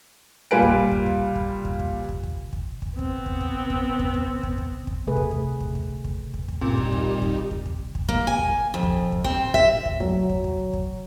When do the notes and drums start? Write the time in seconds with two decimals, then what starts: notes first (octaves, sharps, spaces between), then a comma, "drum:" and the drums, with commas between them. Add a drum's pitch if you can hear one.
0.51 A#2 G3 F4 B4 G#5 D7
0.62 drum: kick
0.91 drum: kick
1.06 drum: kick
1.35 drum: kick
1.65 drum: kick
1.79 drum: kick
2.09 drum: kick
2.23 drum: kick
2.53 drum: kick
2.82 drum: kick
2.99 B3 C4, drum: kick
3.26 drum: kick
3.41 drum: kick
3.70 drum: kick
3.99 drum: kick
4.14 drum: kick
4.43 drum: kick
4.58 drum: kick
4.87 drum: kick
5.07 C3 A3 G#4 B4
5.16 drum: kick
5.31 drum: kick
5.60 drum: kick
5.75 drum: kick
6.04 drum: kick
6.34 drum: kick
6.48 drum: kick
6.61 A#2 G3 C4 D#4 G4
6.78 drum: kick
6.92 drum: kick
7.22 drum: kick
7.51 drum: kick
7.66 drum: kick
7.95 drum: kick
8.09 A#3, drum: kick
8.27 G#5
8.39 drum: kick
8.74 F2
8.83 drum: kick
9.12 drum: kick
9.24 C4, drum: kick
9.54 E5, drum: kick
9.85 drum: kick
10.00 F#3, drum: kick
10.29 drum: kick
10.44 drum: kick
10.73 drum: kick